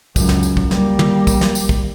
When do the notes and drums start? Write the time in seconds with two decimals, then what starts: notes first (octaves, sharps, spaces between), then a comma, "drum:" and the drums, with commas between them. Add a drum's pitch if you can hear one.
0.16 C#2 F#2, drum: kick, tambourine
0.29 drum: snare
0.43 drum: tambourine
0.57 drum: kick
0.71 G3 A#3, drum: snare
0.99 drum: tom
1.27 drum: kick, tambourine
1.41 drum: snare
1.55 drum: tambourine
1.69 drum: kick